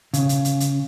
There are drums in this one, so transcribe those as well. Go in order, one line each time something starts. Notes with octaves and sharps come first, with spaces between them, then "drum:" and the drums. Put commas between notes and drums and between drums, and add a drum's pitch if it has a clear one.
C#3, drum: hi-hat
drum: hi-hat
drum: hi-hat
drum: hi-hat